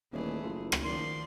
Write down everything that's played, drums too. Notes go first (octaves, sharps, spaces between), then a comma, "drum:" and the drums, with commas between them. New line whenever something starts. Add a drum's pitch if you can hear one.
D#1 E3 A3 G#4
F#1 E4 F4 A4
drum: rim click
D#3 F3 D5 C6